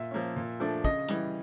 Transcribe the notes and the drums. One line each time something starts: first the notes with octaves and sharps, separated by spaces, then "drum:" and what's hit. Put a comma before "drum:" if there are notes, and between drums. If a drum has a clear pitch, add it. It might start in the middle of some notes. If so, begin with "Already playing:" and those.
Already playing: A#2 E5
F3 A#3 C#4
A#2
F3 A3 D4
C#3 D#5, drum: kick
E3 G3, drum: hi-hat